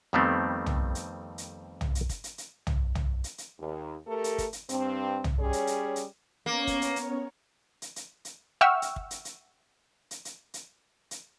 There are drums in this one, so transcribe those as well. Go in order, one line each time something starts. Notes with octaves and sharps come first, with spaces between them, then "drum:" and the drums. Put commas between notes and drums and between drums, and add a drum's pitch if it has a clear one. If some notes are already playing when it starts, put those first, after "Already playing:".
F2 D#3 G3 A3 B3 C4
drum: tom
drum: hi-hat
drum: hi-hat
drum: tom
drum: hi-hat
drum: kick, hi-hat
drum: hi-hat
drum: hi-hat
drum: tom
drum: tom
drum: hi-hat
drum: hi-hat
D#2
A3 G4 A4 A#4
drum: hi-hat
drum: kick, hi-hat
drum: hi-hat
G2 C4, drum: hi-hat
drum: tom
G3 C#4 G#4 C#5
drum: hi-hat
drum: hi-hat
drum: hi-hat
A#3 B3 C#4 C#5
drum: kick, hi-hat
drum: hi-hat
drum: hi-hat
drum: hi-hat
drum: hi-hat
drum: hi-hat
E5 F#5 G5 C#6 E6 F6
drum: hi-hat
drum: kick
drum: hi-hat
drum: hi-hat
drum: hi-hat
drum: hi-hat
drum: hi-hat
drum: hi-hat